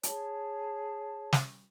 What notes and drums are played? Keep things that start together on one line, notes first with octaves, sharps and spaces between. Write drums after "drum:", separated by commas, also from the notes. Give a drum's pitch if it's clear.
G#4 C#5 A5, drum: hi-hat
drum: snare